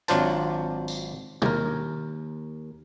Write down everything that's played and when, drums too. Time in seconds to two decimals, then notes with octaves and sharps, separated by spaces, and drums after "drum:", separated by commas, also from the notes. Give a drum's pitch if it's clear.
0.08 G#1 F#3 D4 F4 C5 A5, drum: hi-hat
0.88 drum: tambourine
1.42 D#2 A#4, drum: tom B2